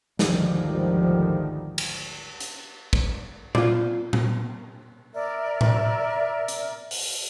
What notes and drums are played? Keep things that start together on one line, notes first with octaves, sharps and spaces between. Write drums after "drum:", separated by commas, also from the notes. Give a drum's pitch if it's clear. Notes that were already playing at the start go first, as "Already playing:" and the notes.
G#1 D2 D3 D#3 F3 G3, drum: snare
drum: cymbal
drum: hi-hat
drum: kick
F4 D5, drum: tom A#2
drum: tom A#2
A#4 D5 E5
drum: tom A2
drum: hi-hat
drum: open hi-hat